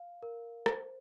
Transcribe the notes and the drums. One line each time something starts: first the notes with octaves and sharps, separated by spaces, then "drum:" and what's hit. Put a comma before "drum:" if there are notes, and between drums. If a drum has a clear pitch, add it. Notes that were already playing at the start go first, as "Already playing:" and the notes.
Already playing: F5
A#4
C5, drum: rim click